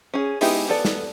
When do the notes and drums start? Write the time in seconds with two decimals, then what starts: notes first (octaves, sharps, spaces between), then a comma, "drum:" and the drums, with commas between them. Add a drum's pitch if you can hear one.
0.14 C#4 G#4
0.41 G#3 B3 D#4 E4 G4, drum: open hi-hat
0.69 B3 A4 D5
0.85 drum: snare